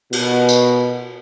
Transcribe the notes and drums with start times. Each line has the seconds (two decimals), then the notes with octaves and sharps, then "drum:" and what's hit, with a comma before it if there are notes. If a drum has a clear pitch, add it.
0.13 B2, drum: cymbal
0.49 drum: tambourine